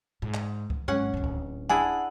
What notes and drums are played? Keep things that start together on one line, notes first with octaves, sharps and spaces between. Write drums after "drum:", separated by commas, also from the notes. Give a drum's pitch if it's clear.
G#2
drum: clap
drum: kick
G#1 F#3 C#4 F#5
D1 G#1
drum: kick
D4 E4 G#4 F#5 G#5 A5